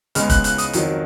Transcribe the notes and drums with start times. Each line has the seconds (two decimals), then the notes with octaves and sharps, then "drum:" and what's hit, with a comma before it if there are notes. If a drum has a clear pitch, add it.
0.15 C#2 C#3 G#3 B3 F6, drum: hi-hat
0.30 F#6, drum: kick, hi-hat
0.44 F#6, drum: hi-hat
0.58 D#6, drum: hi-hat
0.73 F2 D#3 F#3, drum: hi-hat